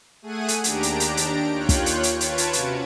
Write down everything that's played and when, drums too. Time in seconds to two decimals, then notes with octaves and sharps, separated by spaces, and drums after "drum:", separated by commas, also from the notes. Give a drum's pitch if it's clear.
0.22 A3 G#4 F#5 G#5 D#7
0.48 drum: hi-hat
0.64 D#2 D4 G4 A#5 D7, drum: hi-hat
0.83 drum: hi-hat
1.00 drum: hi-hat
1.17 drum: hi-hat
1.53 D#2 F4 C#5 G5 F#6
1.69 drum: kick, hi-hat
1.86 drum: hi-hat
2.03 drum: hi-hat
2.21 F4 B4 C#5 A5 G#6 D7, drum: hi-hat
2.38 drum: hi-hat
2.53 C3 C#4 F#4, drum: hi-hat